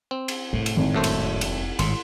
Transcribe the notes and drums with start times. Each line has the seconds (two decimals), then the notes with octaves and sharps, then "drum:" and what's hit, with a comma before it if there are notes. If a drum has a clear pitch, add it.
0.11 C4
0.28 drum: cymbal
0.53 F1 A2
0.66 drum: cymbal
0.77 G#1
0.94 F#2 A3 C5
1.04 drum: cymbal
1.41 drum: cymbal
1.79 G#1 A2 C6, drum: cymbal